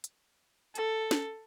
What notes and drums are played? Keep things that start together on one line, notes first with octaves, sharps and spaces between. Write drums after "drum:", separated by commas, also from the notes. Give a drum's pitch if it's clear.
drum: hi-hat
A4, drum: hi-hat
drum: snare